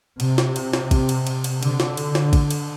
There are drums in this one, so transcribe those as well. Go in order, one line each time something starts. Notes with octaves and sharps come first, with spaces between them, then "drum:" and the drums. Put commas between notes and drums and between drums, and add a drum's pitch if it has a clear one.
C3, drum: cymbal
drum: snare
drum: cymbal
drum: snare
drum: kick A1, cymbal
drum: cymbal
drum: cymbal
drum: cymbal
D3, drum: cymbal
drum: snare
drum: cymbal
drum: snare
drum: kick A1, cymbal
drum: cymbal